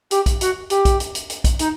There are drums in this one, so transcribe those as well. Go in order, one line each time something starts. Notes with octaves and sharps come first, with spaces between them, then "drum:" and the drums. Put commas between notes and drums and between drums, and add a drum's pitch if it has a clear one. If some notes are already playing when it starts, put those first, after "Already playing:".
G4, drum: hi-hat
drum: kick, hi-hat
F#4, drum: hi-hat
G4, drum: hi-hat
drum: kick, hi-hat
drum: hi-hat
drum: hi-hat
drum: hi-hat
drum: kick, hi-hat
D#4, drum: hi-hat